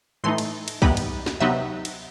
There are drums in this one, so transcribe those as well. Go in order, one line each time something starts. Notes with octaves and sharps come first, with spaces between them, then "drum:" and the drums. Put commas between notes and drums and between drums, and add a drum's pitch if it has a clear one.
A2 E3 A3 D#4 C6
drum: cymbal
drum: cymbal
E3 G3 B3 D#4 B5, drum: kick
drum: cymbal
drum: snare
C3 F#3 B3 D#4 E5
drum: cymbal